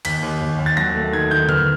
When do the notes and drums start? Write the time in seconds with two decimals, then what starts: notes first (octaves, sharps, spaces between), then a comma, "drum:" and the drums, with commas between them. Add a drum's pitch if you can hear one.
0.05 D#2 B6, drum: cymbal
0.23 D#2
0.41 D#2
0.59 D#2
0.66 A6
0.77 F#3 A#6
0.94 A3
1.13 D#3 G#6
1.31 D#3 G6
1.49 B3 F6, drum: tom D3